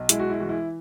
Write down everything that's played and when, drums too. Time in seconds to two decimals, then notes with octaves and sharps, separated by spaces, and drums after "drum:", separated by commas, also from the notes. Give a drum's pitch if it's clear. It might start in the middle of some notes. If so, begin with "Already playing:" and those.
Already playing: B1
0.09 G#3 E4, drum: hi-hat
0.19 F#4
0.30 E4
0.40 E3 F#4
0.49 E4